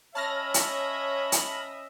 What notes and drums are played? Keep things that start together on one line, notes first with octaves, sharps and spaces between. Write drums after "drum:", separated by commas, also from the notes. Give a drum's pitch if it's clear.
C#4 C#5 D#5 E5 A5 B5 F6 A#6
drum: hi-hat
drum: hi-hat